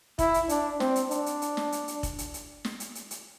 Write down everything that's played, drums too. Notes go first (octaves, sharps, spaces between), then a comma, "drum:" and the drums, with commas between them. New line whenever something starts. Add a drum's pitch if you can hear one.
E4, drum: kick F1, hi-hat
drum: hi-hat
D4, drum: hi-hat
C4, drum: snare
drum: hi-hat
D4, drum: hi-hat
drum: hi-hat
drum: hi-hat
drum: snare
drum: hi-hat
drum: hi-hat
drum: kick F1, hi-hat
drum: hi-hat
drum: hi-hat
drum: snare
drum: hi-hat
drum: hi-hat
drum: hi-hat